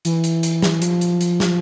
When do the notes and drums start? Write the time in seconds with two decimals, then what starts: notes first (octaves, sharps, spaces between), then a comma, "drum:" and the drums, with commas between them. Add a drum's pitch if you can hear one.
0.05 E3, drum: hi-hat
0.24 drum: hi-hat
0.43 drum: hi-hat
0.62 drum: snare
0.82 F3, drum: hi-hat
1.01 drum: hi-hat
1.21 drum: hi-hat
1.40 drum: snare